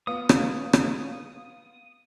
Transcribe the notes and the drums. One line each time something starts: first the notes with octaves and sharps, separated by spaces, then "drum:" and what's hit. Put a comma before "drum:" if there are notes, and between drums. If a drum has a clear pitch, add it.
B3 F4 D#6
drum: rim click
drum: rim click